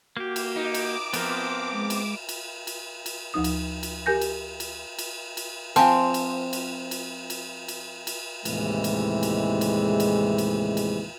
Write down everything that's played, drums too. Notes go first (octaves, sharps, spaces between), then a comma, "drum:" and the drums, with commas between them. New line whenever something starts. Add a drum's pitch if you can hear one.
A#3 F#4 G4
drum: cymbal
D#4 D6
drum: cymbal
F3 B3 C4 A#4 F6, drum: cymbal
G#3
drum: cymbal
drum: cymbal
drum: cymbal
drum: cymbal
D2 F3 D#4 D#6
drum: cymbal
drum: cymbal
G4 A#4 G#5 G6 A#6
drum: cymbal
drum: cymbal
drum: cymbal
drum: cymbal
F3 C4 G#5 A5, drum: cymbal
drum: cymbal
drum: cymbal
drum: cymbal
drum: cymbal
drum: cymbal
drum: cymbal
D#2 A2 C3 E3 G#3, drum: cymbal
drum: cymbal
drum: cymbal
drum: cymbal
drum: cymbal
drum: cymbal
drum: cymbal